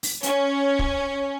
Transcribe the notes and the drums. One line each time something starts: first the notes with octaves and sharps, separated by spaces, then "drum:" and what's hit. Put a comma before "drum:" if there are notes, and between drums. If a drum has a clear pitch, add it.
drum: open hi-hat
C#4, drum: hi-hat
drum: kick